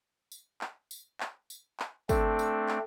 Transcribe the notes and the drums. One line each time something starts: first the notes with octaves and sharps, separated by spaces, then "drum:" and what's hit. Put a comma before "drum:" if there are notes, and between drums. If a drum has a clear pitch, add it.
drum: tambourine
drum: clap
drum: tambourine
drum: clap
drum: tambourine
drum: clap
A3 C4 D4 A4, drum: kick, tambourine
drum: tambourine
drum: clap